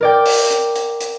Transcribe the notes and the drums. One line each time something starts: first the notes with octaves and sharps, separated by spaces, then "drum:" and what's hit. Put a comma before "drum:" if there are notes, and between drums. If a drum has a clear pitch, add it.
A#4 D5 G5
drum: open hi-hat
drum: hi-hat
drum: hi-hat
drum: hi-hat